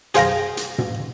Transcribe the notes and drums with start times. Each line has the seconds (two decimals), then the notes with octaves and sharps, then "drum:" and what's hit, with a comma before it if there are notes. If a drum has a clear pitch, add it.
0.15 G#4 C5 F5 G5 A#5, drum: hi-hat
0.57 drum: hi-hat
0.78 drum: tom